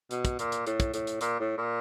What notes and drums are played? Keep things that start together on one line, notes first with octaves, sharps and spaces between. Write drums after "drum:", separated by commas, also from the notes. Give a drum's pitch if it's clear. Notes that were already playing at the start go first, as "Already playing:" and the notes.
B2, drum: hi-hat
drum: kick, hi-hat
A#2, drum: hi-hat
drum: hi-hat
A2, drum: hi-hat
drum: kick, hi-hat
A2, drum: hi-hat
drum: hi-hat
A#2, drum: hi-hat
A2
A#2